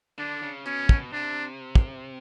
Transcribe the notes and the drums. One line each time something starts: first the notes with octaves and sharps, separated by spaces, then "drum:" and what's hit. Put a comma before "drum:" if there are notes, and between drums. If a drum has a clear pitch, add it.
D3 D4
C#3
B2 C#4
B2, drum: kick
C3 D4
drum: kick